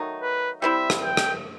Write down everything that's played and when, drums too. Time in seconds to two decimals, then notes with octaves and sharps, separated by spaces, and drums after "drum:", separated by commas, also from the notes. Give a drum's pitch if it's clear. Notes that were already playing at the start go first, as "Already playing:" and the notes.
Already playing: D#3 F#3 A3 D#4
0.22 B4
0.62 G3 C4 E4 E5
0.90 drum: rim click
1.04 G5
1.17 drum: rim click